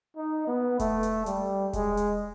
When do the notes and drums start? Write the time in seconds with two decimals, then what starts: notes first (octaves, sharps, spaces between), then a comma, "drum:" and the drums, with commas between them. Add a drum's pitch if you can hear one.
0.17 D#4
0.47 B3
0.80 A3, drum: kick E1, hi-hat
1.03 drum: hi-hat
1.26 G3, drum: hi-hat
1.73 G#3, drum: kick E1, hi-hat
1.97 drum: hi-hat